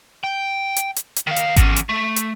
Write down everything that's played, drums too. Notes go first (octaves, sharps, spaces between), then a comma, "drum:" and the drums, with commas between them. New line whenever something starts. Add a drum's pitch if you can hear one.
G5
drum: hi-hat
drum: hi-hat
drum: hi-hat
D#3 F5
drum: hi-hat
E2 C#4, drum: kick G#1, hi-hat
drum: hi-hat
A3
drum: hi-hat